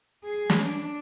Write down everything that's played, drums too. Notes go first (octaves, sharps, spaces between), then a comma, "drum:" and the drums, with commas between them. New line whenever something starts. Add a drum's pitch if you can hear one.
G#4
drum: snare
D4